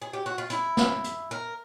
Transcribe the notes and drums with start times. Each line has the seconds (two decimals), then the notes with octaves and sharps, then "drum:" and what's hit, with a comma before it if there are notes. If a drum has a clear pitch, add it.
0.02 G#4
0.13 G4
0.26 F#4
0.38 F4
0.50 E4, drum: hi-hat
0.77 drum: snare
1.04 drum: hi-hat
1.31 A#4